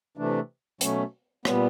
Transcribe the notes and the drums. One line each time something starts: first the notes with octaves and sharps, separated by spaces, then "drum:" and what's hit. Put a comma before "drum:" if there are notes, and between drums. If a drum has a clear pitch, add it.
C3 E3 A3 D4
B2 F#3 A3 C#4, drum: hi-hat
A#2 G3 B3, drum: rim click